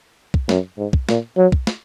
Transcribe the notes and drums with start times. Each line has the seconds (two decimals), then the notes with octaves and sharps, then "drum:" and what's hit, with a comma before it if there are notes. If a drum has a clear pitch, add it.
0.34 drum: kick
0.49 F#2, drum: snare
0.78 G#2
0.93 drum: kick
1.09 A#2, drum: snare
1.37 F#3
1.52 drum: kick
1.67 drum: snare